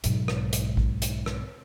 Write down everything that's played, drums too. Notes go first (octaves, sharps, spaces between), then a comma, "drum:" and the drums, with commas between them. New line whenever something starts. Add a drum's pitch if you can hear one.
B1 G#2, drum: hi-hat
drum: rim click
drum: hi-hat
drum: kick A1
drum: hi-hat
drum: rim click